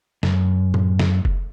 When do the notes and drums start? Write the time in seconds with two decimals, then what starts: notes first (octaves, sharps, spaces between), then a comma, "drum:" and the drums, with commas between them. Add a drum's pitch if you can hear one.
0.23 F#2, drum: snare
0.74 drum: tom A2
0.99 drum: snare
1.25 drum: kick F1